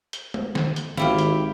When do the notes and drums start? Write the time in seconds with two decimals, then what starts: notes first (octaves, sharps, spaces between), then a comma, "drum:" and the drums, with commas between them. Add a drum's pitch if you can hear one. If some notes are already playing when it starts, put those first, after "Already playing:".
0.13 drum: hi-hat
0.34 drum: tom G#3
0.55 drum: snare
0.76 drum: hi-hat
0.97 G#1 E4 G4 F5, drum: snare
1.18 drum: hi-hat